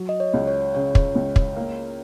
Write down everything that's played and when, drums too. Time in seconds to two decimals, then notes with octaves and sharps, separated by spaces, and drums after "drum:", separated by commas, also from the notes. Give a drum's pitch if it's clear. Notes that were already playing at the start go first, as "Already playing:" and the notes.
Already playing: F#3
0.09 D#5
0.20 C#5
0.33 C#2
0.47 C#5
0.75 C#3 C#5
0.95 drum: kick
1.15 C#2
1.36 drum: kick
1.56 A#3